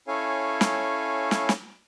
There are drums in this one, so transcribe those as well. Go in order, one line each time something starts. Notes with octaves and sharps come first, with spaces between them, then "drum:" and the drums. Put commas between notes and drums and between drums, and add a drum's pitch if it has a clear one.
C#4 E4 A4 C#5 F5 G#5
drum: snare
drum: snare
drum: snare